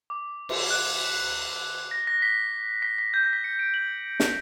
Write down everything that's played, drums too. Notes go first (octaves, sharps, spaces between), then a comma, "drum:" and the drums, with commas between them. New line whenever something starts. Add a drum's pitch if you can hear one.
D6
drum: cymbal
F#6
A#6
A#6
B6
B6
B6
G6
A#6
B6
C#7
D7
F#7
drum: snare